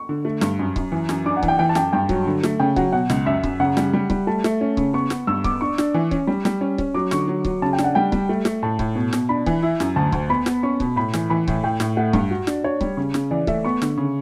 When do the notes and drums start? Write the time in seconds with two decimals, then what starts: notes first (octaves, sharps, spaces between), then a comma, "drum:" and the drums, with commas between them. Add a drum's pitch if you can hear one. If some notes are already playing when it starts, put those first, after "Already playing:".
Already playing: C#6
0.09 D3
0.25 A3
0.41 G2, drum: snare
0.59 F#2
0.76 F#2, drum: kick C#1
0.92 E3
1.09 F#2, drum: snare
1.26 D4 D6
1.37 F#5
1.43 E3, drum: kick C#1
1.48 G5
1.59 E3 G5
1.69 A5
1.75 F#2 G5, drum: snare
1.93 G2 G5
2.09 F#3, drum: kick C#1
2.26 D3
2.43 A3, drum: snare
2.60 C#3 G5
2.76 F#3 F#5, drum: kick C#1
2.92 B2 F#5
3.10 C#2, drum: snare
3.26 F#2 E5
3.44 F#2, drum: kick C#1
3.60 C#3 F#5
3.77 G3, drum: snare
3.93 G3
4.10 G3, drum: kick C#1
4.27 A3 A5
4.44 A3, drum: snare
4.61 C#4
4.77 C#3, drum: kick C#1
4.93 B3 C#6
5.10 B3, drum: snare
5.27 G2 E6
5.44 B3 D6, drum: kick C#1
5.61 D4 C#6
5.78 D4, drum: snare
5.94 E3
6.11 C#4, drum: kick C#1
6.27 G3
6.45 G3, drum: snare
6.61 C#4
6.78 C#4, drum: kick C#1
6.94 F#3 D6
7.11 D3 C#6, drum: snare
7.28 F#3
7.45 F#3, drum: kick C#1
7.62 C#3 A5
7.73 G5
7.78 D4, drum: snare
7.84 F#5
7.95 G3 G5
8.12 G3, drum: kick C#1
8.29 A3
8.45 A3, drum: snare
8.63 A2 A5
8.79 A2, drum: kick C#1
8.95 B2
9.13 B2, drum: snare
9.29 D4 B5
9.46 E3, drum: kick C#1
9.63 E4
9.80 F#2, drum: snare
9.96 D2 A5
10.12 D2, drum: kick C#1
10.30 B3 B5
10.46 B3, drum: snare
10.63 C#4 C#6
10.80 B2, drum: kick C#1
10.96 A2 B5
11.14 E3, drum: snare
11.30 E3 B5
11.48 A2, drum: kick C#1
11.64 A2 G5
11.80 A2, drum: snare
11.97 A3 F#5
12.13 G2, drum: kick C#1
12.30 F#4
12.47 D4, drum: snare
12.64 D4 C#5
12.81 G3, drum: kick C#1
12.97 C#3
13.14 C#3, drum: snare
13.31 E3 D5
13.47 A3 E5, drum: kick C#1
13.65 B3 C#6
13.82 D3, drum: snare
13.98 C#3